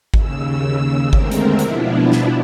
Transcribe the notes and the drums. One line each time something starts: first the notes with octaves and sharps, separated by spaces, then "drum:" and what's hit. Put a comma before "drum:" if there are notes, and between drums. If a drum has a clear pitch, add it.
D#2 C#3 E6, drum: kick G#1
D#2 D3 G#3 A3 C4 A#4, drum: kick G#1
drum: hi-hat
B2 F3 B3 D4 E4, drum: hi-hat
drum: snare